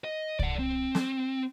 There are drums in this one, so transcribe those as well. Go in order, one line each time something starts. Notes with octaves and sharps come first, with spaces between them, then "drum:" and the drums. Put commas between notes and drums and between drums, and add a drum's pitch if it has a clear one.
D#5
D5 F#5, drum: kick C2
C4
drum: snare